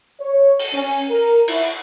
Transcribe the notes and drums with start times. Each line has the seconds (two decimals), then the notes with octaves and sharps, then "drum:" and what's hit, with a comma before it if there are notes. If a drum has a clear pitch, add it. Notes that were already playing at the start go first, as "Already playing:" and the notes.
0.20 C#5
0.59 drum: open hi-hat
0.73 C#4
1.09 A#4
1.48 E4, drum: cymbal